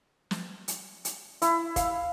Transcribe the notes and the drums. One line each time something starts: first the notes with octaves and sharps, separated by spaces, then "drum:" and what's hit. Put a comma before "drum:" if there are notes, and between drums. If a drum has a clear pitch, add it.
drum: snare
drum: hi-hat
drum: hi-hat
E4, drum: hi-hat
F5, drum: kick, hi-hat